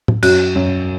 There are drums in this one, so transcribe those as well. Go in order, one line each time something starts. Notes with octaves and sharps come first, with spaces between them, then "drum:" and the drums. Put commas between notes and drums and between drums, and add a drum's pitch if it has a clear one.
drum: tom
F#2 F#4, drum: cymbal
F#2